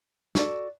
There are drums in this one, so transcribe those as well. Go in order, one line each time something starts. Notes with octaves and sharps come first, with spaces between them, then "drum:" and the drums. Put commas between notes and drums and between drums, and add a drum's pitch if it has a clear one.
F#4 A4 D5, drum: snare